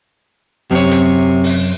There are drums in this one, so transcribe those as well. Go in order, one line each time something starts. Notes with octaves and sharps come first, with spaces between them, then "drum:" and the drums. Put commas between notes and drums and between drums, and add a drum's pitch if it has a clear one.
F#2 C3 C#5
drum: hi-hat
drum: open hi-hat